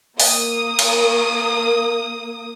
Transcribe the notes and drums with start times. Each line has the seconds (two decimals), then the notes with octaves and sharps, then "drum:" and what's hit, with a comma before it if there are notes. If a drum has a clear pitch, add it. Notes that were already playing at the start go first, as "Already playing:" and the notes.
0.20 A#3 D#6, drum: open hi-hat
0.79 drum: cymbal